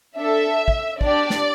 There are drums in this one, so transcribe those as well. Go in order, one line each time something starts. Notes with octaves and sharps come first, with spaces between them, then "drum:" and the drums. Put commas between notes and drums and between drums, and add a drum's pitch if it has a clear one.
D4 A4 E5
drum: kick
D4 G4 D5, drum: kick
drum: snare